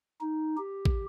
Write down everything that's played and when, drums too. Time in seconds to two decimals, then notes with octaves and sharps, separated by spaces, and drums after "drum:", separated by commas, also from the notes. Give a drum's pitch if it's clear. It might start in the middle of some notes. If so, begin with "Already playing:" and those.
0.21 D#4
0.57 G4
0.85 drum: kick A1